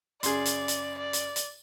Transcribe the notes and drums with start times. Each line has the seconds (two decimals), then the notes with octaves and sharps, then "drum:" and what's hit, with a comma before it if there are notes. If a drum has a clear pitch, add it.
0.23 F#2 C#3 G#4 D5 C6, drum: hi-hat
0.46 drum: hi-hat
0.68 drum: hi-hat
0.98 D5
1.13 drum: hi-hat
1.36 drum: hi-hat